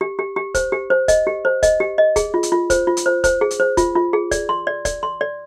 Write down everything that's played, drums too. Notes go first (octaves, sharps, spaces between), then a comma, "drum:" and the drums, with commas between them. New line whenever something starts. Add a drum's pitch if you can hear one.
G4
G4
G4
C5, drum: kick, hi-hat
G4
C5
D#5, drum: kick, hi-hat
G4
C5
D#5, drum: kick, hi-hat
G4
D#5
G#4, drum: kick, hi-hat
F4
drum: hi-hat
F4
C5, drum: kick, hi-hat
F4
drum: hi-hat
C5
C5, drum: kick, hi-hat
G#4
drum: hi-hat
C5
F4, drum: kick, hi-hat
F4
G#4
D5, drum: kick, hi-hat
C6
D5
D5, drum: kick, hi-hat
C6
D5